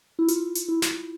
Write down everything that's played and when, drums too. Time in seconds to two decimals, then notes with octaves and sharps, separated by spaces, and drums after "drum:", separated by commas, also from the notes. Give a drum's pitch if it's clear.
0.19 E4
0.28 F4, drum: hi-hat
0.55 drum: hi-hat
0.68 E4
0.82 drum: snare